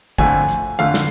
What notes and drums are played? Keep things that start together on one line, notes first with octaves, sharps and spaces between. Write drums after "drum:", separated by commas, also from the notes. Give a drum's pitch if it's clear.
F2 D3 F3 A3 G#5, drum: kick, hi-hat
drum: hi-hat
F2 D3 A3 F5, drum: hi-hat
drum: snare